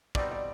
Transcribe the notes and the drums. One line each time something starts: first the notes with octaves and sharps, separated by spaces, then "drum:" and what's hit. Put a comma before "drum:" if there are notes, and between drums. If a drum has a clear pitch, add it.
B2 G3 C4 D#4 D5, drum: kick
D5